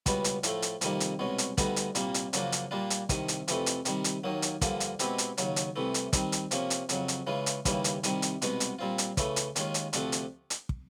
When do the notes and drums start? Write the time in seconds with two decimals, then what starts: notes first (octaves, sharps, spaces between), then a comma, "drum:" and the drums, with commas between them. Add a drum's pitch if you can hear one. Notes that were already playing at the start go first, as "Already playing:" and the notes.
0.06 C#2 B2 G3 B3, drum: kick, hi-hat
0.24 drum: hi-hat
0.43 A2 F3 A3, drum: hi-hat
0.62 drum: hi-hat
0.81 F2 C3 D#3 G3 A#3, drum: hi-hat
1.00 drum: hi-hat
1.19 C2 B2 G#3 C#4
1.38 drum: hi-hat
1.58 D2 D3 G3 B3 D#4, drum: kick, hi-hat
1.76 drum: hi-hat
1.95 C2 A#2 G3 A#3, drum: hi-hat
2.14 drum: hi-hat
2.33 F#2 C#3 F3 A#3 D4, drum: hi-hat
2.52 drum: hi-hat
2.71 A#2 G3 A#3 D4 F4
2.90 drum: hi-hat
3.09 C2 C3 D#3, drum: kick, hi-hat
3.28 drum: hi-hat
3.48 F2 C3 E3 A3, drum: hi-hat
3.66 drum: hi-hat
3.85 C3 D#3 G3, drum: hi-hat
4.04 drum: hi-hat
4.24 D#2 D#3 F#3 A#3
4.42 drum: hi-hat
4.61 G2 D3 F3 A#3, drum: kick, hi-hat
4.80 drum: hi-hat
4.99 B2 G#3 C4 E4 G4, drum: hi-hat
5.18 drum: hi-hat
5.38 D#2 C#3 F#3, drum: hi-hat
5.56 drum: hi-hat
5.76 C2 C3 E3 A3
5.94 drum: hi-hat
6.13 D#3 G3 C4, drum: kick, hi-hat
6.32 drum: hi-hat
6.51 C3 F3 A#3 C#4, drum: hi-hat
6.70 drum: hi-hat
6.89 F2 C#3 F#3, drum: hi-hat
7.08 drum: hi-hat
7.27 C#3 E3 G#3 C#4 F4
7.46 drum: hi-hat
7.65 D#2 C#3 E3 G3 A#3, drum: kick, hi-hat
7.84 drum: hi-hat
8.03 C2 C3 D#3 G3, drum: hi-hat
8.22 drum: hi-hat
8.42 C2 B2 G#3 B3, drum: hi-hat
8.60 drum: hi-hat
8.79 A#2 G3 C4 F4
8.98 drum: hi-hat
9.17 C#3 E3 A3, drum: kick, hi-hat
9.36 drum: hi-hat
9.56 D#2 D#3 G#3 C#4 F4, drum: hi-hat
9.74 drum: hi-hat
9.93 D2 C3 F3 A3 D4, drum: hi-hat
10.12 drum: hi-hat
10.50 drum: hi-hat
10.69 drum: kick